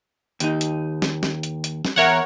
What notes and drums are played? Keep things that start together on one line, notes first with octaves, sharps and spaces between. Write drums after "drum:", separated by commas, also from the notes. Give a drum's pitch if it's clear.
D#2 D#4, drum: hi-hat
drum: hi-hat
drum: snare
drum: snare
drum: hi-hat
drum: hi-hat
drum: snare
E2 A#4 C#5 E5 F#5